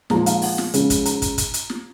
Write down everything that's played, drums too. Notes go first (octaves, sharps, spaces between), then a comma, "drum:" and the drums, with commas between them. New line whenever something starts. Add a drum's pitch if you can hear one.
A#2 F3 G#3 A#5, drum: snare
F5, drum: hi-hat
F#5, drum: open hi-hat
drum: snare
C#3 F3 G#3, drum: hi-hat
drum: kick, hi-hat
A#5, drum: hi-hat
drum: kick, hi-hat
drum: kick, hi-hat
drum: hi-hat
drum: snare